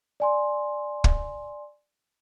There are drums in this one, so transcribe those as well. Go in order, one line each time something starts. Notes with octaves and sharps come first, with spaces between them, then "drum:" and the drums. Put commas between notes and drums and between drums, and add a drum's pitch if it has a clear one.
D5 G#5 C6
drum: kick